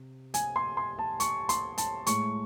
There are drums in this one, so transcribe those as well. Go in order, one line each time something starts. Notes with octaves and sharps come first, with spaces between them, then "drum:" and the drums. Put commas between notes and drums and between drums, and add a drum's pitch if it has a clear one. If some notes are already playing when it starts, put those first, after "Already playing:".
Already playing: C3
G#5, drum: hi-hat
C6
C6
A5
C#6, drum: hi-hat
C6, drum: hi-hat
A5, drum: hi-hat
A2 G#3 C#6, drum: hi-hat